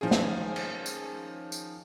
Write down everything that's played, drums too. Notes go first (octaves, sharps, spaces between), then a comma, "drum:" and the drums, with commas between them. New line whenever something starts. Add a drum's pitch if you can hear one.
D#3 F3 C#4 G#4
drum: snare
drum: cymbal
drum: tambourine
drum: tambourine